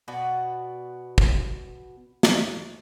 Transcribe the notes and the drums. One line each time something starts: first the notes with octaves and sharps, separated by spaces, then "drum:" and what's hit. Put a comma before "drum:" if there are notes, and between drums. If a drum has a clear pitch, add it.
B2 B3 F#4 D5
drum: kick
drum: snare